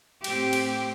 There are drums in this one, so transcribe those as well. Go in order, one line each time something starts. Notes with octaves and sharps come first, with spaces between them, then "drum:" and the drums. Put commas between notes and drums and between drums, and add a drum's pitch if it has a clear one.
A2 C4 G4, drum: cymbal
drum: cymbal